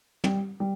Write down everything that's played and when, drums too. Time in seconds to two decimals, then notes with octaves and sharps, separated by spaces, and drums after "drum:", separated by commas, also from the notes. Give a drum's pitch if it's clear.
0.24 G3, drum: tom
0.60 G3